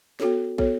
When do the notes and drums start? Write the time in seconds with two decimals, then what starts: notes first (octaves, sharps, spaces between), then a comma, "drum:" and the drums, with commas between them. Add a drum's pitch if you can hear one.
0.20 B3 F#4 A4 C#5, drum: snare
0.58 B3 F#4 A4 C#5, drum: kick